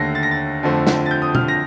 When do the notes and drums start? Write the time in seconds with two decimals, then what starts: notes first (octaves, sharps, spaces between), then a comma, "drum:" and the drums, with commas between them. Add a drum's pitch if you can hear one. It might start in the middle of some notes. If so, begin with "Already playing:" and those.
Already playing: D#2 D3 A3 A#6 C7
0.15 A6
0.23 A#6
0.31 A6
0.63 F2 D3 F3 A3 C4
0.87 drum: snare
1.06 A6
1.11 G6
1.22 D#6
1.35 F6, drum: tom B2
1.48 A#6